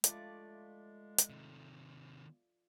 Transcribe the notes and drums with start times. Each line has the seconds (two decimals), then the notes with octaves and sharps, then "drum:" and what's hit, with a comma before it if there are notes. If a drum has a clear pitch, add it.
0.04 G#3 A3 F4 D5, drum: hi-hat
1.19 drum: hi-hat
1.30 C3 D#3